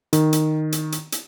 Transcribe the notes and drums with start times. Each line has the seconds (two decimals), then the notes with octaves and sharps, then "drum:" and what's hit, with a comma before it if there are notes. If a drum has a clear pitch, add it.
0.13 D#3, drum: hi-hat
0.33 drum: hi-hat
0.72 drum: hi-hat
0.92 drum: hi-hat
1.12 drum: hi-hat